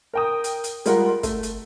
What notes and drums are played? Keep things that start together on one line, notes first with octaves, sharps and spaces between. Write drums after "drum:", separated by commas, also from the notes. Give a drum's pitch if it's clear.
A#4 G5 D#6
drum: hi-hat
drum: hi-hat
G3 G#3 F4 A#4 F#5, drum: hi-hat
A3, drum: kick, hi-hat
drum: hi-hat